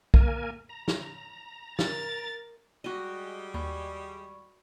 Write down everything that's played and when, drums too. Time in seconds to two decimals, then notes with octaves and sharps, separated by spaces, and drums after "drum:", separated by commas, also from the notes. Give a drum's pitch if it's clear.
0.14 A#3 A#4 G#5, drum: kick B1
0.69 A#5
0.88 drum: snare
1.79 A#4 A6, drum: snare
2.84 G3 G#3 F#4 D#5
3.54 D#2 D5 B5 C#6